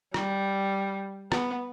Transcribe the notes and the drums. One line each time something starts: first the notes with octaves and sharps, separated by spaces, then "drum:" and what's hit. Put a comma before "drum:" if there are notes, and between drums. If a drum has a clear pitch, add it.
G3, drum: rim click
B3, drum: rim click